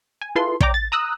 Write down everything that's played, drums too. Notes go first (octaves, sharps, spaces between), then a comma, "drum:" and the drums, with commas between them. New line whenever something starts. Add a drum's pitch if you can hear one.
G#5
E4 F4 G#4 A4 B4 C6
C#5 D5 G5 A#5 D6, drum: kick
A6
A#5 D#6 E6 F#6